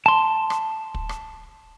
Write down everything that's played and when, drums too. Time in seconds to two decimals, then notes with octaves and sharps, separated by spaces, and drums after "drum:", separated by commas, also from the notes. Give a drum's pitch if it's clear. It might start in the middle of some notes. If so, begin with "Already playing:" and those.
0.06 A5 C6
0.50 drum: rim click
0.95 drum: kick
1.09 drum: rim click